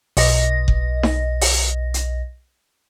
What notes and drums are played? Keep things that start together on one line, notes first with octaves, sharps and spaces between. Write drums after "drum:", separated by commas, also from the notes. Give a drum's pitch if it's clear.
B1 D#5 A#6, drum: open hi-hat
drum: kick F#1
drum: snare D#4
drum: open hi-hat
drum: hi-hat